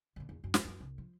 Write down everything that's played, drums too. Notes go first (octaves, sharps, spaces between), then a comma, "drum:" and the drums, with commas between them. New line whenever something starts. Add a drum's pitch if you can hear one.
A#2 D3
E2
F#2
drum: snare
F#2 E3
C2
F3